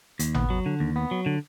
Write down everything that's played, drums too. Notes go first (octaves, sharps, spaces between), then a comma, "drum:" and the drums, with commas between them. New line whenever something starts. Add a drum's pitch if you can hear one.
D#2, drum: hi-hat
B3, drum: tom G#1
F#3
D3
D#2
B3
F#3
D3